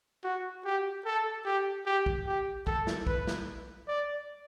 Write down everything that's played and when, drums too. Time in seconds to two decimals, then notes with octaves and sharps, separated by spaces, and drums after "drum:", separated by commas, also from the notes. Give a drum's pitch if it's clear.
0.24 F#4
0.65 G4
1.05 A4
1.45 G4
1.86 G4
2.06 drum: kick
2.27 G4
2.67 A4, drum: kick
2.87 drum: snare
3.07 B4, drum: kick
3.27 drum: snare
3.88 D5